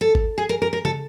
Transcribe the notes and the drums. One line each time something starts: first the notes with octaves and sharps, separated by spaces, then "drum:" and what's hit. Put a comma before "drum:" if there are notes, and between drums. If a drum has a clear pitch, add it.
A4
drum: kick G#1
G#4
A#4
A#4
A#4
A4, drum: tom C#3